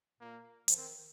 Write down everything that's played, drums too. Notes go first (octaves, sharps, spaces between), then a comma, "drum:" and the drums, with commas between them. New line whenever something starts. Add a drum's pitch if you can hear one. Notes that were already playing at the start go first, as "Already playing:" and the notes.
A#2 A#3
F3, drum: hi-hat
D#3 C4